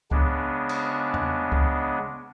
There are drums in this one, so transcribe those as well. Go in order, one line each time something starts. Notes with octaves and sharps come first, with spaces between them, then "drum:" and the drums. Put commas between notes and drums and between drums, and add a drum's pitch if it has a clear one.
C#3 G#3 B3 D4, drum: kick C#2
drum: cymbal
drum: tom E2
drum: kick C#2